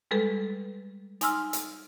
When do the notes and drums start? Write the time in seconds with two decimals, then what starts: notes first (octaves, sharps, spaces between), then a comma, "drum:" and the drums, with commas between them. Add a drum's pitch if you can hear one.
0.11 G3 G#3 G#4 A4 B4
1.21 D#4 G#5 C6 E6 F6, drum: hi-hat
1.53 drum: hi-hat